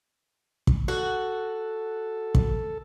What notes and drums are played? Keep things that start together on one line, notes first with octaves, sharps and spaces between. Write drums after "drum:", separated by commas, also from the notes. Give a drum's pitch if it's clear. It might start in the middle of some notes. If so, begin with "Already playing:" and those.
drum: kick
F#4 A4
drum: kick